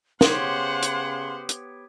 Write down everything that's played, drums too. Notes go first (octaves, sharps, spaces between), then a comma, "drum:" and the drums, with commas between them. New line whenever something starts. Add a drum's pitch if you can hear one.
C#3 B3 G4 C5 C#5 F#5 C6, drum: snare
drum: hi-hat
drum: hi-hat